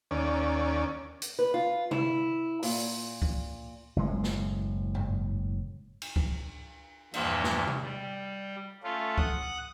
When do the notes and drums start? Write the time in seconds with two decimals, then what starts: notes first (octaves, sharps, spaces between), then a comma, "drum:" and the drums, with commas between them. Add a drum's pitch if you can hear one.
0.11 D#2 C#4 D5
1.22 drum: hi-hat
1.39 B4
1.54 F4
1.91 E4, drum: tom C3
2.63 A#2, drum: open hi-hat
3.22 drum: kick C#2
3.96 F#1 A2 G#3
4.24 drum: snare
4.95 drum: tom G2
6.02 drum: cymbal
6.16 drum: kick C#2
7.14 E2 G2 A#2 F3, drum: cymbal
7.44 drum: snare
7.67 drum: tom C3
7.83 G3
8.83 A3 C#4 F4
9.18 F#5 D#6 F#6, drum: kick C#2